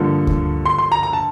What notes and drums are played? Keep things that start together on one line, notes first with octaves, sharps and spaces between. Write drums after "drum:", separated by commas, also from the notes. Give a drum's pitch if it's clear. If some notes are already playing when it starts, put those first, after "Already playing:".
Already playing: G2 D3 F3 A#3
drum: kick D2
C6
C6
A#5
A#5
A5